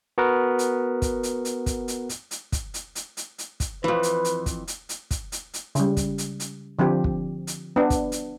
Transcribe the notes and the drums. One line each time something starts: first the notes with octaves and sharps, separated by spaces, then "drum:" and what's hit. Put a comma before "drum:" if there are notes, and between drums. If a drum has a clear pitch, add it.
B3 F#4 A#4 F#5
drum: hi-hat
drum: kick, hi-hat
drum: hi-hat
drum: hi-hat
drum: kick, hi-hat
drum: hi-hat
drum: hi-hat
drum: hi-hat
drum: kick, hi-hat
drum: hi-hat
drum: hi-hat
drum: hi-hat
drum: hi-hat
drum: kick, hi-hat
F2 E3 B4
drum: hi-hat
drum: hi-hat
drum: kick, hi-hat
drum: hi-hat
drum: hi-hat
drum: kick, hi-hat
drum: hi-hat
drum: hi-hat
C#3 G3, drum: hi-hat
drum: kick, hi-hat
drum: hi-hat
drum: hi-hat
D3 F3 C4 G4
drum: kick
drum: hi-hat
B3 D4
drum: kick, hi-hat
drum: hi-hat